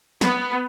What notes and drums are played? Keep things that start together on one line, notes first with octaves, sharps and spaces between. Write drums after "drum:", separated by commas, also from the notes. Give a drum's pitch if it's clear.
B3, drum: snare